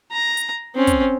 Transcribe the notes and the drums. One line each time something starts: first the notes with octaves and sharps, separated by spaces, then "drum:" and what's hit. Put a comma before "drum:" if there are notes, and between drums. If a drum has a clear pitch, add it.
A#5
drum: hi-hat
C4 C#4
drum: kick, hi-hat